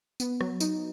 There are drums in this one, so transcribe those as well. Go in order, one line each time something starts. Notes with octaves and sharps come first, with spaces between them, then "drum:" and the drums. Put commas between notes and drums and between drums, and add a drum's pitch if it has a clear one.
B3, drum: tambourine
F#3, drum: rim click
D#4, drum: tambourine